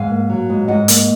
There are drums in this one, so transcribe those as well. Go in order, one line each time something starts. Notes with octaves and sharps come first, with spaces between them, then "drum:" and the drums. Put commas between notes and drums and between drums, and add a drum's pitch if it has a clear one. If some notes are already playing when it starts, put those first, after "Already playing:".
Already playing: G#2 F5 G#5
A#3
F#3
G#2
G#2 D#5 F#5
A#3, drum: hi-hat